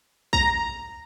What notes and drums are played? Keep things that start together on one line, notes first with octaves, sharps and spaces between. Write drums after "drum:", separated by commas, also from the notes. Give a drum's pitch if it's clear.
A#5, drum: kick A#1